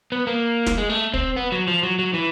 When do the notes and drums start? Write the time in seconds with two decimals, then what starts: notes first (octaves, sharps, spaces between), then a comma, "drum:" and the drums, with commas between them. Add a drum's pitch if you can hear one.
0.12 B3
0.27 A#3
0.67 drum: snare
0.78 G#3
0.90 A3
1.14 C4, drum: kick
1.36 B3
1.52 F#3
1.68 F3
1.83 F#3
1.99 F#3
2.14 E3